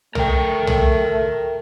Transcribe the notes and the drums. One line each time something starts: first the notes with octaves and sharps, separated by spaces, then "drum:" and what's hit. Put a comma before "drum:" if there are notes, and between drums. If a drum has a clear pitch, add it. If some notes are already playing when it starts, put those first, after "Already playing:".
A3 A#4 G5, drum: tom
drum: tom